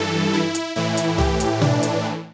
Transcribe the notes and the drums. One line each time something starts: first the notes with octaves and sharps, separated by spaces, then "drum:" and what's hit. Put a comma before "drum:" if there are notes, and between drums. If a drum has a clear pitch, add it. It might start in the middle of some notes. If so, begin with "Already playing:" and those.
Already playing: G2 E3 A4
E4
drum: hi-hat
A2 E3 E4
drum: hi-hat
G4, drum: tom C2
drum: hi-hat
D4, drum: tom B2
drum: hi-hat